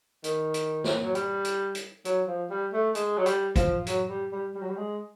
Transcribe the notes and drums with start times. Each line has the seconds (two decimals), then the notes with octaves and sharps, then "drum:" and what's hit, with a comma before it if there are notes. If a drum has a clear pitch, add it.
0.24 D#3, drum: hi-hat
0.54 drum: hi-hat
0.84 drum: snare
1.03 F#3
1.15 G3, drum: hi-hat
1.45 drum: hi-hat
1.75 drum: hi-hat
2.05 F#3, drum: hi-hat
2.28 F3
2.50 G3
2.73 A3
2.95 G#3, drum: hi-hat
3.17 F#3
3.26 G3, drum: hi-hat
3.56 F3, drum: kick, hi-hat
3.87 F#3, drum: hi-hat
4.09 G3
4.32 G3
4.55 G3
4.62 F#3
4.69 G3
4.77 G#3